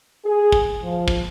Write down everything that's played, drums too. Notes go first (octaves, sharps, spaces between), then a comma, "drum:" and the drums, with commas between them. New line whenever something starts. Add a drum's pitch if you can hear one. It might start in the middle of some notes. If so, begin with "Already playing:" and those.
G#4
drum: kick
F3
drum: kick